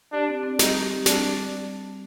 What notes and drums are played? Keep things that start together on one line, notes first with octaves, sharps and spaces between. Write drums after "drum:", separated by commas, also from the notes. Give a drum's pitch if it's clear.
D4 G4
C4
C4
G3 D#4, drum: snare
G4
C4
G3 D4, drum: snare
G3